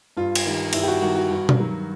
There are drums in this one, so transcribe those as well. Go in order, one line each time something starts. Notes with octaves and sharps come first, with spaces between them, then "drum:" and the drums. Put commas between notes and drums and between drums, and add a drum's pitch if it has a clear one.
G2 F4
drum: cymbal
D#3 G3
G2 E4, drum: cymbal
G4
F#4
D#3 G3 F#4
F#4
G2
drum: tom B2
D#3 F#3